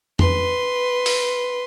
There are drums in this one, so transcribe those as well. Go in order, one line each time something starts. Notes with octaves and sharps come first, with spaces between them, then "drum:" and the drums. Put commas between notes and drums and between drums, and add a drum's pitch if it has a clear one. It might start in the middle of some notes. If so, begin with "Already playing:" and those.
B4 C6, drum: tom F2
drum: open hi-hat